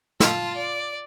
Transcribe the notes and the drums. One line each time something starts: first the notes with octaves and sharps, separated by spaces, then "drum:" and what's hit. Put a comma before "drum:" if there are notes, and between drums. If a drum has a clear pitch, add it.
F4 A5, drum: snare
D5